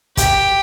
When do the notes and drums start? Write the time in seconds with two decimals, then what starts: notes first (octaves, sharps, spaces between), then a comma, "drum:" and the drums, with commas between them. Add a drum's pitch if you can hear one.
0.17 G4, drum: kick, hi-hat